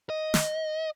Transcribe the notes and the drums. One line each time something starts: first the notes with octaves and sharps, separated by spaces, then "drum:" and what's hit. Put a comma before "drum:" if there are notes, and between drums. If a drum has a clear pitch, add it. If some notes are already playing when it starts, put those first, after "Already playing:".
D#5
drum: snare